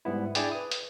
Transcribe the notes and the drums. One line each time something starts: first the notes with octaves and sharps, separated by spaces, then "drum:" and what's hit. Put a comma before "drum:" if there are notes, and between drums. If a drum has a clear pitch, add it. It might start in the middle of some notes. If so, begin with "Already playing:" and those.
G#2 G3 B3 E4
D4 E4 G#4 D5 G5, drum: hi-hat
B4 D#6
drum: hi-hat